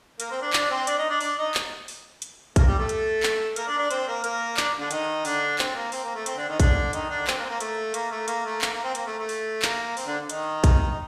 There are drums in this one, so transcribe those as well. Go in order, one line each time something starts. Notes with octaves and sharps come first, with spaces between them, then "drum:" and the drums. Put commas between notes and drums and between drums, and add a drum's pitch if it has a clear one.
A#3 A#4, drum: hi-hat
C4 C5
D4 D5
D4 D5, drum: clap
C4 C5
D4 D5, drum: hi-hat
D#4 D#5
D4 D5
D4 D5, drum: open hi-hat
D#4 D#5
drum: clap
drum: open hi-hat
drum: hi-hat
A#3 A#4, drum: kick A#1, hi-hat
G3 G4
A3 A4
drum: hi-hat
drum: clap
A#3 A#4, drum: hi-hat
D4 D5
D4 D5
C4 C5, drum: hi-hat
A#3 A#4
A#3 A#4, drum: hi-hat
D4 D5, drum: clap
D3 D4
D#3 D#4, drum: hi-hat
D3 D4, drum: open hi-hat
C4, drum: clap
A#3
C4, drum: open hi-hat
A#3
A3
C4, drum: hi-hat
D3 D4
D#3 D#4
D3 D4, drum: kick A#1, hi-hat
D#3 D#4, drum: hi-hat
D3 D4
C4, drum: clap
A#3
C4
A#3
A3, drum: hi-hat
A#3, drum: hi-hat
A3
A#3, drum: hi-hat
A3
A#3, drum: clap
A#3
C4
A#3, drum: hi-hat
A3
A3
drum: open hi-hat
A#3, drum: clap
C4, drum: open hi-hat
D3 D4
D#3 D#4, drum: hi-hat
drum: kick A#1, hi-hat
D#4